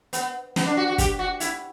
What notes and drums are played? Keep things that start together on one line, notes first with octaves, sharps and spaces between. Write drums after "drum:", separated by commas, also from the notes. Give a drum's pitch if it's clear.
B3, drum: hi-hat
B3, drum: snare
D4
F#4
F#4
G4, drum: kick, hi-hat
F#4
E4, drum: hi-hat